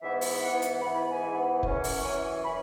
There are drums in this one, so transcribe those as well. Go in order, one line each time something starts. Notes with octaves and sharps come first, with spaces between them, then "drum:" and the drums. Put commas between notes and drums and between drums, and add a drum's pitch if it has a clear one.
G#2 E3 B3 E4 E5
drum: open hi-hat
G#2 E3 B3 E4 F#5
drum: hi-hat
G#2 E3 B3 E4 B5
B5
G#5
G#2 E3 B3 E4
F#2 E3 C#4, drum: kick F1
drum: open hi-hat
F#2 E3 C#4 G#5
G#5
E3 B5